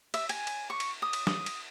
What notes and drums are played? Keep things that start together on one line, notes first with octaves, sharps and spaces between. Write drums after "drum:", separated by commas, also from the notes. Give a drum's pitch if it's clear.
E5, drum: cymbal
G#5, drum: cymbal
drum: cymbal
C#6
drum: cymbal
D#6
drum: cymbal
D#6, drum: snare
drum: cymbal